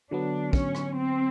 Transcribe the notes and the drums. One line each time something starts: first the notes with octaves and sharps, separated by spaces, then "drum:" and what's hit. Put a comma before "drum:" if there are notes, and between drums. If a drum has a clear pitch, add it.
D3 F#3 B3 D4
C#4, drum: kick
drum: rim click
C4